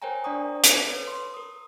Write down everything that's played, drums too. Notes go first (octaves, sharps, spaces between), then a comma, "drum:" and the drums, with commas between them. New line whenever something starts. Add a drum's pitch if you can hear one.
A#4 C5 C#5 G5 G#5 A#5
D4 C5 D5 A#5 C#6 D#6
drum: hi-hat
A4 B4 C#5
C6
A#4 D#6